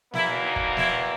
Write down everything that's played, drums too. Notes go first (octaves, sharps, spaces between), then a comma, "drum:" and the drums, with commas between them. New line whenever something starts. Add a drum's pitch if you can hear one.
E2 B2 A#3 E4, drum: snare
D#4
drum: kick
E4, drum: snare